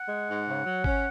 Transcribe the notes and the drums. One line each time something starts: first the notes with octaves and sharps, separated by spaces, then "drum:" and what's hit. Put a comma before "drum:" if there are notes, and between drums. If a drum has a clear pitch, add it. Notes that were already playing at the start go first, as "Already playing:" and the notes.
Already playing: F#5
G#3
G#2
C#3
F#3
C#4, drum: kick G#1